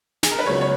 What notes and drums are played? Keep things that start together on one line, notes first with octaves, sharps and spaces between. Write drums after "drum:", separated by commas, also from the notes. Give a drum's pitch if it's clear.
G#4, drum: snare
A#4
B4
C#2 C#3 F#3 B3 C#5
C#5